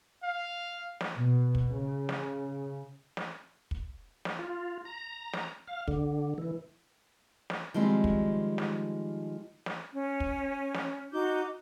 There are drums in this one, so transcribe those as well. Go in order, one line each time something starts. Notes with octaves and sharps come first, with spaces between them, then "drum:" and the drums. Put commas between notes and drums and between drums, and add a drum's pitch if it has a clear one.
F5
drum: snare
B2
drum: kick
C#3
drum: snare
drum: snare
drum: kick
drum: snare
F4
A#5
drum: snare
F5
D3, drum: kick
E3
drum: snare
D#3 F3 G3 G#3 C4
drum: kick
drum: snare
drum: snare
C#4
drum: kick
drum: snare
D#4 F#4 D6 G6